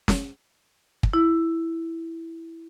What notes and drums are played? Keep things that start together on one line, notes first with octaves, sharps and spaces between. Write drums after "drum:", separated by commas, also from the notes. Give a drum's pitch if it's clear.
drum: snare
drum: kick
E4